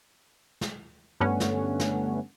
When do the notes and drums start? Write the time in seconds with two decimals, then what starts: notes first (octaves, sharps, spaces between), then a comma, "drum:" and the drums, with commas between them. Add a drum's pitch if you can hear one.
0.61 drum: snare
1.20 G2 D3 A3 B3 C#4 F#5
1.40 drum: snare
1.80 drum: snare